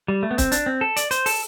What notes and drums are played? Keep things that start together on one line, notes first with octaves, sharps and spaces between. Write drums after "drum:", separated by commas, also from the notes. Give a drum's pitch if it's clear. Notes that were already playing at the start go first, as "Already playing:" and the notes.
G3
A3
B3
C4, drum: kick, hi-hat
D4, drum: hi-hat
C4
A4
D5, drum: hi-hat
C5, drum: hi-hat
A4, drum: open hi-hat